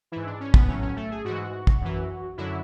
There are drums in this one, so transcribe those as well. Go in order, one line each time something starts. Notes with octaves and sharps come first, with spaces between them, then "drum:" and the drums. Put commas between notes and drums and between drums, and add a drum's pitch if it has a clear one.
G#2 E3 E4
D4
C#4
B3, drum: kick
A2 F#3 C#4
C#4
A3
G#4
G#2 E3 F#4
drum: kick
F#2 E3
F#2 D3 F#3 E4